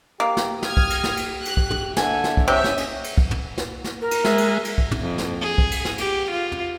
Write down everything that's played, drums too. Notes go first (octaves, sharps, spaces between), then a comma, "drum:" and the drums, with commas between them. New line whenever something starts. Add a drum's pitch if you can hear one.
A#3 G4
drum: snare
D#6 F6 G#6, drum: snare
drum: kick
drum: cymbal
drum: snare
drum: cymbal
F#6, drum: cymbal
drum: kick
drum: tom
D3 E5 G#5, drum: snare
drum: snare
drum: kick
C3 C#4 G4 D#5 E5
drum: snare
drum: cymbal
drum: cymbal
drum: kick
drum: tom
drum: snare
drum: snare
A#4
drum: cymbal
G#3 E5, drum: snare
drum: cymbal
drum: cymbal
drum: kick
drum: tom
F2
drum: snare
G#4
drum: kick
drum: cymbal
drum: snare
G4, drum: cymbal
F4
drum: tom